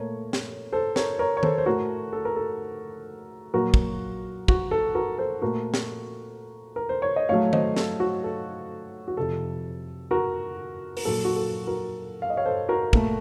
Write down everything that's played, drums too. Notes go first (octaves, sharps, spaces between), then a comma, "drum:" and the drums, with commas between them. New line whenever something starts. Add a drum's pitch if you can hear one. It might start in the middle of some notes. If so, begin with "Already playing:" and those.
Already playing: A#2 A3 A#4 C#5
drum: snare
A4 C5
A#4 C#5, drum: snare
A#4 C#5
C#5
A4 C5, drum: tom D#3
C5
A2 A3 F#4 A#4
A4
A#4
A4
A#2 F#3 A#3 F#4 A#4
drum: kick
F#4, drum: kick
A4
F#4 A#4
A4 C5
A#2 A3 F#4 A#4
drum: snare
A#4
C5
C#5
D#5
A2 F#3 A3 C#5 F5
C5 D#5, drum: tom D#3
A4, drum: snare
F#4
A4
F#4
F2 C3 F3 A4
F#4 A#4
A#4, drum: open hi-hat
A#2 F#3 A#3 A4
F#4
A4
F#4 A#4
F5
D#5
C#5 F5
A4 C5
F#4 A#4
A#2 A3, drum: kick